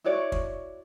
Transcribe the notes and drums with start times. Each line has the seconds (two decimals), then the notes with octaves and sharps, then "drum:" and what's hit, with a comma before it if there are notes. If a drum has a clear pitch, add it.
0.04 E4 F#4 C#5 D5
0.32 drum: kick